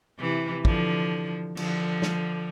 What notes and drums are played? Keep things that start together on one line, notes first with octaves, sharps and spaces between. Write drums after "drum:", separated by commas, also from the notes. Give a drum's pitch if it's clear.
C3 E3
D3 F3, drum: kick
D3 F3, drum: cymbal
drum: snare